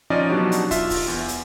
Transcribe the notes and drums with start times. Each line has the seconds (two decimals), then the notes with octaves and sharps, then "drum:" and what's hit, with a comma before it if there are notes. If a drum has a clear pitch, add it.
0.10 F3 C#4 D#4 F4 D5 D#5
0.29 B2 F#3 D4 D#4 F#4 G4
0.52 drum: hi-hat
0.71 F4 E5, drum: kick, hi-hat
0.90 drum: kick, open hi-hat
1.08 E2
1.28 drum: hi-hat